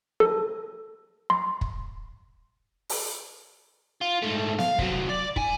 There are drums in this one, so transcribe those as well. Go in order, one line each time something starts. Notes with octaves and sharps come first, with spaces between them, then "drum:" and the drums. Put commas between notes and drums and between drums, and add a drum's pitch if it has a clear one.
A4
C6
drum: kick
drum: open hi-hat
F4
G#2 A3
F5, drum: snare B3
C3 F#3, drum: kick
D5
E4 G#5, drum: kick